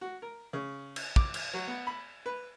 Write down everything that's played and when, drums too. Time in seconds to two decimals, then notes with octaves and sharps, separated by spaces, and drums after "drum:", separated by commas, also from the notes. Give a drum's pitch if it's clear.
0.01 F#4
0.22 A#4
0.53 C#3
0.96 drum: cymbal
1.16 D6, drum: kick
1.34 drum: cymbal
1.54 F#3
1.67 B3
1.87 B5
2.26 B4